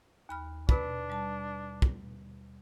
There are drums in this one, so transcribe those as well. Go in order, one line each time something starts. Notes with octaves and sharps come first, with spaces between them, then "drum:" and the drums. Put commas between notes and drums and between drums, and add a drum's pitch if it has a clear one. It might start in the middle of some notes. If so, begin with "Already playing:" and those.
D#2 B5 F6
B2 D4 B4 B5, drum: kick
G3 A5
drum: kick